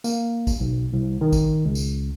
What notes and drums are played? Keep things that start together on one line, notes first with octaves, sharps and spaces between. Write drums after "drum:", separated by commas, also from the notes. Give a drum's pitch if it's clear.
A#3, drum: tambourine
drum: kick G#1, tambourine
B1
C2
D#3
drum: kick G#1, tambourine
C#2
drum: tambourine